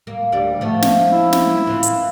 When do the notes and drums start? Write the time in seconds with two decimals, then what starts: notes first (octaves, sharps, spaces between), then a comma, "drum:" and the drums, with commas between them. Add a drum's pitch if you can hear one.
0.07 A#3
0.32 D2 G3 D5
0.61 F3 A3 B3
0.82 drum: snare
1.11 E4
1.33 drum: snare
1.67 E3 F4
1.83 drum: hi-hat